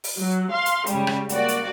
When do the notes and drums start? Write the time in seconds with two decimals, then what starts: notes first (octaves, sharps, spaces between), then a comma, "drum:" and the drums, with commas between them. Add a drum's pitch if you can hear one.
0.04 drum: open hi-hat
0.18 F#3
0.51 F5 C6
0.66 drum: hi-hat
0.86 C#3 G3 G#3, drum: hi-hat
1.07 drum: rim click
1.29 A#3 F#4 D5, drum: hi-hat
1.48 drum: hi-hat